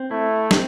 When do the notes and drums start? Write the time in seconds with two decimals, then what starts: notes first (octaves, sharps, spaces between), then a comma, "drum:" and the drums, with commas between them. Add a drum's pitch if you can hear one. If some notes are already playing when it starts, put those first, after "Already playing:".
Already playing: C4
0.11 A3 E4
0.51 C4, drum: snare